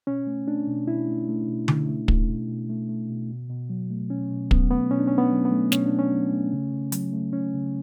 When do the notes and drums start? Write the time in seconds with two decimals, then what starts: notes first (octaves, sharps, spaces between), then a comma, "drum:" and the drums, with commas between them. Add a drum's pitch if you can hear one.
0.07 B2 C#4
0.27 A3
0.47 A3 D4
0.67 B2
0.87 B2 E4
1.08 A3
1.28 A3
1.48 B2
1.68 B2, drum: tom D3
1.88 A3
2.08 A3, drum: kick
2.29 B2
2.49 B2
2.69 A3
2.89 A3
3.09 B2
3.30 B2
3.50 B2
3.70 F#3
3.90 A3
4.10 B2 C#4
4.30 B2
4.51 F#3 B3, drum: kick
4.70 A3 B3
4.91 B2 C#4
4.99 D4
5.08 C#4
5.11 B2
5.18 B3
5.32 F#3
5.45 B3
5.51 A3
5.72 B2 C#4, drum: snare
5.86 D4
5.92 B2
5.99 C#4
6.12 F#3
6.32 A3
6.53 C#3
6.73 C#3
6.92 F#3, drum: hi-hat
7.13 A3
7.33 C#3 C#4
7.54 C#3